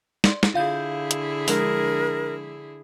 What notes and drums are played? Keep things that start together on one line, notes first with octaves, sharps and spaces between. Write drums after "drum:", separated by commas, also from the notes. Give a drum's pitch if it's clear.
D5 C6, drum: snare
drum: snare
D3 E4 F4 G#4 F5 G6
drum: hi-hat
F3 G#3 D4 A#4, drum: open hi-hat